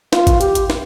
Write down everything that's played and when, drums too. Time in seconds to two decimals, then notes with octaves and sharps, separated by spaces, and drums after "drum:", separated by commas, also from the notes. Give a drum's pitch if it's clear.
0.13 F4, drum: snare
0.27 drum: kick G#1, hi-hat
0.41 G4, drum: hi-hat
0.55 drum: hi-hat
0.70 drum: snare